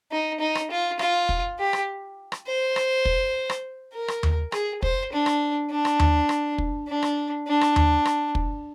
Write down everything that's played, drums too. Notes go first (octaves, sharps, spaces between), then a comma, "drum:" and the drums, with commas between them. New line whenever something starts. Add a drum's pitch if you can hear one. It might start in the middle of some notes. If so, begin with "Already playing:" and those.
D#4
D#4
drum: rim click
F4
F4, drum: rim click
drum: kick
G4
drum: rim click
drum: rim click
C5
drum: rim click
drum: kick
drum: rim click
A#4
drum: rim click
drum: tom D#2
G#4, drum: rim click
C5, drum: kick
D4
drum: rim click
D4
drum: rim click
drum: tom D#2
drum: rim click
drum: kick
D4
drum: rim click
D4
drum: rim click
drum: tom D#2
drum: rim click
drum: kick